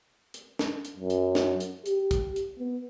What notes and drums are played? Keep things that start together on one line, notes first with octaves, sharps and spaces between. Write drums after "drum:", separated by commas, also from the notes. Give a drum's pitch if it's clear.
drum: hi-hat
drum: snare
drum: hi-hat
F#2
drum: hi-hat
drum: snare
drum: hi-hat
G4, drum: hi-hat
drum: kick, hi-hat
drum: hi-hat
B3